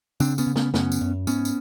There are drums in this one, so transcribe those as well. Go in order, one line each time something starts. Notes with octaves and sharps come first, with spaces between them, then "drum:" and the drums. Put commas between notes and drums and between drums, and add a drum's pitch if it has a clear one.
C#3 C4 D4, drum: tambourine
B3 C#4, drum: tambourine
C#3
B3 C#4, drum: snare
F#2 B3 C#4, drum: snare
drum: tambourine
F#2
G#2 B3 C#4, drum: tambourine
drum: tambourine